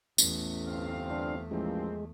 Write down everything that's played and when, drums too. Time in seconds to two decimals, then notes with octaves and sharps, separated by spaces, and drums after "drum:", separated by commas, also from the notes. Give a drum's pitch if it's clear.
0.18 A1 E2 A3, drum: tambourine
0.66 G1 C4 F5
1.11 D4
1.51 A1 F3 G#3 A#3 C4